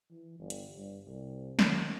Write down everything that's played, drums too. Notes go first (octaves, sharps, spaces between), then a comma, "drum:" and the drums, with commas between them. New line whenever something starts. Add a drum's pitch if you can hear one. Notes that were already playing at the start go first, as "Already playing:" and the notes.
E3
G1
drum: hi-hat
G2
C2
D#3, drum: snare